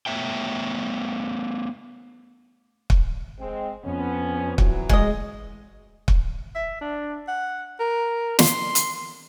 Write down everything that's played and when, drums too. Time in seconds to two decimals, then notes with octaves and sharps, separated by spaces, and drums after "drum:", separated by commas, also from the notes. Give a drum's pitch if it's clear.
0.06 A3 B3 C#5 E5 G5
2.90 drum: kick
3.40 G#3 C4
3.84 F2 B3 C#4
4.58 E3 F#3, drum: kick
4.89 G#3 C#4 D#5, drum: kick
6.08 drum: kick
6.55 E5
6.81 D4
7.28 F#5
7.80 A#4
8.39 C6, drum: snare
8.75 drum: hi-hat